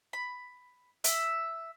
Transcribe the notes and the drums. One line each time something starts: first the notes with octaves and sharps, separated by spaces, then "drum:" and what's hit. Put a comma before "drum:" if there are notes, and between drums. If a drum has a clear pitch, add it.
B5
E5, drum: hi-hat